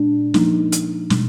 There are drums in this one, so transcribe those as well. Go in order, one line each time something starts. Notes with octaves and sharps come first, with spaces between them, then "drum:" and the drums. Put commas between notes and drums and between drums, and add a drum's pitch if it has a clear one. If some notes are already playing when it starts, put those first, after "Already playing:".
Already playing: A#2 G#3 D4
F3 A#3 D#4, drum: snare
drum: hi-hat
B2 G#3, drum: snare